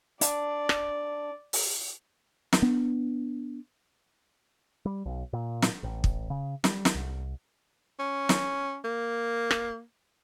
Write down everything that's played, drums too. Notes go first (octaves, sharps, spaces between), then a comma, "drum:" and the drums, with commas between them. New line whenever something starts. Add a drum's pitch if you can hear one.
D4 D5, drum: hi-hat
drum: rim click
drum: open hi-hat
drum: snare
B3 D4
G3
B1
A#2
drum: snare
A1
drum: kick
C#3
G3, drum: snare
drum: snare
C2
C#4
drum: snare
A#3
drum: rim click